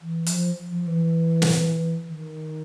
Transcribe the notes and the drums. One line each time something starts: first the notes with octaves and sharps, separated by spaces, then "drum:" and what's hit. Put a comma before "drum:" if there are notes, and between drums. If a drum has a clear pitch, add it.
E3
F3, drum: hi-hat
F3
E3
drum: snare
D#3